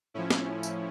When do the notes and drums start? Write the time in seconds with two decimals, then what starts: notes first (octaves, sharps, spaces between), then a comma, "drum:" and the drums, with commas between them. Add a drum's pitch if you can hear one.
0.14 A2 F3 C#4 E4
0.31 drum: snare C4
0.63 drum: tambourine